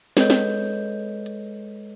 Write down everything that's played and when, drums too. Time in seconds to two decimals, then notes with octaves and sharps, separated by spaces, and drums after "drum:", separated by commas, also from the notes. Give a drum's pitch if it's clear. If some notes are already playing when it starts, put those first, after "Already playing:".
0.17 G#3 A4 B4 C#5 D#5 G6, drum: snare
0.30 drum: snare
1.26 drum: hi-hat